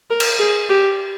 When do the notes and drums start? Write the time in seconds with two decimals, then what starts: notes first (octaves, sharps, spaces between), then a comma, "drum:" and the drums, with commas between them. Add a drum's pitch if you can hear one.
0.10 A#4
0.20 drum: cymbal
0.39 G#4
0.69 G4